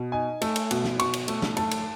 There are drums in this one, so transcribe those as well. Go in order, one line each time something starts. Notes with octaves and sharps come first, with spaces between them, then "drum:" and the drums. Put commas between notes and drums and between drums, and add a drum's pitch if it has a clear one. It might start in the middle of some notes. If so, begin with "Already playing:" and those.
Already playing: B2
D#4 G#5
A3, drum: cymbal
drum: cymbal
B2, drum: cymbal
drum: snare
B2 C#6, drum: cymbal
drum: cymbal
A3, drum: cymbal
drum: snare
A3 A5, drum: cymbal
drum: cymbal